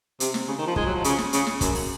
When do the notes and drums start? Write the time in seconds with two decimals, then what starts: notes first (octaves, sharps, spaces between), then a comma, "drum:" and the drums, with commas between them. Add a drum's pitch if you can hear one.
0.20 C3, drum: hi-hat
0.34 drum: snare
0.48 C#3
0.58 D#3
0.67 F3
0.76 G#3, drum: kick
0.85 F#3
0.94 F3
1.04 C#3, drum: hi-hat
1.18 drum: snare
1.33 C#3, drum: hi-hat
1.47 drum: snare
1.61 F#2, drum: kick, hi-hat
1.75 drum: open hi-hat